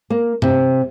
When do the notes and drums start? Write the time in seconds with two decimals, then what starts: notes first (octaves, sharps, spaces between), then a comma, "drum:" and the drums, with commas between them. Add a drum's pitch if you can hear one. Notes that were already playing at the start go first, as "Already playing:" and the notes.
0.10 A#3
0.42 C3, drum: tom G2